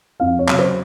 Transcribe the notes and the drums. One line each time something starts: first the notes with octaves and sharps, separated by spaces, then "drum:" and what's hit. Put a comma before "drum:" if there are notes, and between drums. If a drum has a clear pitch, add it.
F2 F5
C#5
C#3 F#3, drum: clap
C5